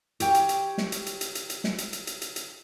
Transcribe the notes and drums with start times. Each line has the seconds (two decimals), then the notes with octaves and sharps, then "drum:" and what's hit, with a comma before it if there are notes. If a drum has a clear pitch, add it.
0.20 G4 C#5 G5, drum: hi-hat
0.34 drum: hi-hat
0.49 drum: hi-hat
0.78 drum: snare
0.92 drum: hi-hat
1.06 drum: hi-hat
1.21 drum: hi-hat
1.35 drum: hi-hat
1.50 drum: hi-hat
1.64 drum: snare
1.78 drum: hi-hat
1.93 drum: hi-hat
2.07 drum: hi-hat
2.22 drum: hi-hat
2.36 drum: hi-hat